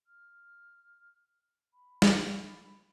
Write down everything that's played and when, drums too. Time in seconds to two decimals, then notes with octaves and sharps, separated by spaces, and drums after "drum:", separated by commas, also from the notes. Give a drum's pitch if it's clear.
0.06 F6
1.73 B5
2.02 drum: snare